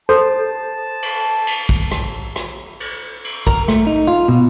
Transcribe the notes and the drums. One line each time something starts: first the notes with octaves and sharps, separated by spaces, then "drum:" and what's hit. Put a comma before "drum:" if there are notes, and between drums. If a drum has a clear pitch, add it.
A4 C5 A5
drum: cymbal
drum: cymbal
drum: kick
drum: rim click
drum: rim click
drum: cymbal
drum: cymbal
A#4, drum: kick
A3, drum: rim click
D#4
F4
B2